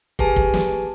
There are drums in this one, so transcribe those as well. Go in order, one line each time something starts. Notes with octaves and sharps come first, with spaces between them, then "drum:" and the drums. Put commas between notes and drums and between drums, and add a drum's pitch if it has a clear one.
G4 G#4 B4 G#5 A5, drum: kick
drum: kick
drum: snare